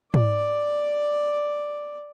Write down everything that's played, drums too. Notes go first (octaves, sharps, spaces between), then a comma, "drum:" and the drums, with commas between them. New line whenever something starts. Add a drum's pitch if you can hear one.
D5 D6, drum: tom G#2